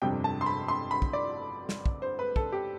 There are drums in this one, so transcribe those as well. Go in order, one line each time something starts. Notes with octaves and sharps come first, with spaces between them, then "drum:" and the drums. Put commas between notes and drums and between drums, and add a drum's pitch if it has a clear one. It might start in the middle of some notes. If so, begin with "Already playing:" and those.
G1 F2 C3 G3 D4 G5
A5
C6
B5
C6
B5
drum: kick
D5
drum: snare
drum: kick
C5
B4
A4, drum: kick
G4